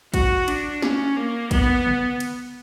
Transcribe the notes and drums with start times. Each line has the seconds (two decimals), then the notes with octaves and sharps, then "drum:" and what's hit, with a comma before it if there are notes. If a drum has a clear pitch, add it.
0.14 F#4, drum: kick, cymbal
0.48 D4, drum: cymbal
0.82 C#4, drum: snare
1.17 A#3
1.51 B3, drum: kick, cymbal
1.86 drum: tom C#3
2.20 drum: cymbal